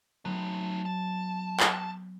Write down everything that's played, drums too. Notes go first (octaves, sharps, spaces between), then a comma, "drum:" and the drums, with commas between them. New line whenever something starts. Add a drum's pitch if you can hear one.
F#3 A3 B3 C4 D#4
A5
drum: clap